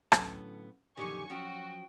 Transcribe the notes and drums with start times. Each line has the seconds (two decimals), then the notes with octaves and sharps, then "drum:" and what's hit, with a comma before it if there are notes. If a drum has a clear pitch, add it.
0.12 A2 D3 F#3 B3 C#4 A4, drum: rim click
0.97 F#2 A#2 D3 D#3 F3 G4 G#5 C#6
1.30 F3 F#3 C#4 F#4 F#5 G5